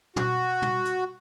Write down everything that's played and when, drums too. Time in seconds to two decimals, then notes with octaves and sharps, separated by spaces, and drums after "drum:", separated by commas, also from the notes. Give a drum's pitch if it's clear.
0.16 F#4, drum: tom
0.62 drum: tom
0.85 drum: hi-hat